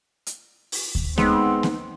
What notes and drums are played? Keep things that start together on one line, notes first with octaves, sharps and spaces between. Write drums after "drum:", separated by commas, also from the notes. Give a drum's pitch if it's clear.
drum: hi-hat
drum: open hi-hat
drum: kick D2
G#3 B3 C4 D#4, drum: snare A#3
drum: snare A#3